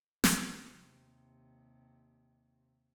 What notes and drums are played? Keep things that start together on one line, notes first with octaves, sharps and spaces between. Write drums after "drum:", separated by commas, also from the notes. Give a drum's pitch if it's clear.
D#2 C3, drum: snare